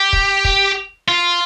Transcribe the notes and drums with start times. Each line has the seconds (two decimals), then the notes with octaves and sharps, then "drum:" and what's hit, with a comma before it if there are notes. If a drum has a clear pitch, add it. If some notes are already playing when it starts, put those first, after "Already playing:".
Already playing: G4
0.13 drum: kick
0.45 drum: kick
1.08 F4